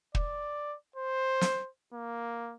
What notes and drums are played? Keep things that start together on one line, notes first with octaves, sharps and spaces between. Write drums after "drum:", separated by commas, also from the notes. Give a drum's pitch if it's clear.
D5, drum: kick
C5
drum: snare
A#3